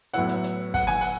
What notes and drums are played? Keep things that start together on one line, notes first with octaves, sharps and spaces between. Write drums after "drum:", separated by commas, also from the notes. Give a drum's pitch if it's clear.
A2 F#3 B3 E4 F#5, drum: hi-hat
drum: hi-hat
drum: hi-hat
F#5, drum: kick, open hi-hat
G#5, drum: snare
F#5, drum: open hi-hat